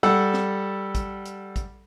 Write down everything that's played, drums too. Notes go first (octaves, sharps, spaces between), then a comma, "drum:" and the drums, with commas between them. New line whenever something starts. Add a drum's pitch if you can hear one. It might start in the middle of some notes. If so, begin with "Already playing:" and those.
G3 A4 F#5 E6
drum: snare
drum: kick, hi-hat
drum: hi-hat
drum: kick, hi-hat